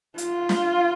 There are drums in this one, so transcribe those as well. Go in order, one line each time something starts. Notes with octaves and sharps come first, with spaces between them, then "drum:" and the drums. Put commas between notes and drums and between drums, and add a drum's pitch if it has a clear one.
F4, drum: hi-hat
drum: snare